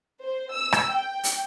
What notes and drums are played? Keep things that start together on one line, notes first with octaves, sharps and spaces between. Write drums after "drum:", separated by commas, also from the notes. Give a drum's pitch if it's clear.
C5
E6
drum: rim click
G5
drum: hi-hat